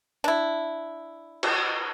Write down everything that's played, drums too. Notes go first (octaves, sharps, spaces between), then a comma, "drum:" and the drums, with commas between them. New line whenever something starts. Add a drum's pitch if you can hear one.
D4 E4
drum: cymbal